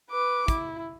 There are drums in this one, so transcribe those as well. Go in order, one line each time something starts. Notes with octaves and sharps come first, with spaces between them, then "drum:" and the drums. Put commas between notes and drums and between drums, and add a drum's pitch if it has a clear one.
B4 D6
E4, drum: kick, hi-hat